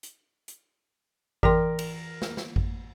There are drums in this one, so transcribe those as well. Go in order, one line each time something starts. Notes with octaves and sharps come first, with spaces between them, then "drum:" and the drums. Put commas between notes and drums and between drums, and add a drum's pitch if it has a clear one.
drum: hi-hat
drum: hi-hat
E3 A#4 G5 C6, drum: kick G#1
drum: cymbal
drum: snare
drum: snare
drum: kick G#1